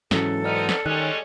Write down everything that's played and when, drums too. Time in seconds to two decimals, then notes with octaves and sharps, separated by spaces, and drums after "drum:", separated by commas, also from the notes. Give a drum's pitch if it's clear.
0.11 G#2 E3 F#3 C#4 A4, drum: snare
0.44 B3 C4 D#4 D5 F6
0.69 drum: snare
0.86 D#3 G3 G#3 C#4 F#6